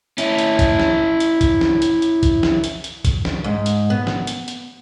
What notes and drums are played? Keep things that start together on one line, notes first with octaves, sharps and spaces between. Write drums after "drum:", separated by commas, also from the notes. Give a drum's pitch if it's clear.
C#4 E4, drum: hi-hat
drum: hi-hat
drum: kick, hi-hat
drum: snare
drum: hi-hat
drum: kick, hi-hat
drum: snare
drum: hi-hat
drum: hi-hat
drum: kick, hi-hat
drum: snare
drum: hi-hat
drum: hi-hat
drum: kick, hi-hat
drum: snare
G#2
drum: hi-hat
B3
drum: snare
drum: hi-hat
drum: hi-hat